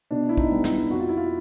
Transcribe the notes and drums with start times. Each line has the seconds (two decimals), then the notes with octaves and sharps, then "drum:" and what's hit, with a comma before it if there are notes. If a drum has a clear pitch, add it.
0.11 B2 D4
0.29 E4
0.37 D#4, drum: kick
0.51 G3 B3
0.64 E4, drum: snare
0.90 F2 F#4
1.00 F4
1.09 E4
1.17 F4